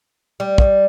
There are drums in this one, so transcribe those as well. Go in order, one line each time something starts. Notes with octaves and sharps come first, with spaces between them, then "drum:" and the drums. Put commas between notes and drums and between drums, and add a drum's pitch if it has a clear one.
G3
drum: kick